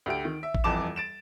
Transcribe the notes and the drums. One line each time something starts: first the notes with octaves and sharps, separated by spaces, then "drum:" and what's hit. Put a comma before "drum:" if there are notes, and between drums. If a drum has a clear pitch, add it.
D2 G4 D7
D#3
E5
drum: kick A1
D#1 F2 E3 A5 D6 E7
A6 D7 E7